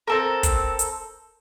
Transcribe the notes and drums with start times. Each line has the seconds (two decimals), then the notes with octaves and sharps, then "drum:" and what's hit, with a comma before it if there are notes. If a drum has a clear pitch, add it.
0.07 C4 A4 A#4
0.43 drum: kick, hi-hat
0.79 drum: hi-hat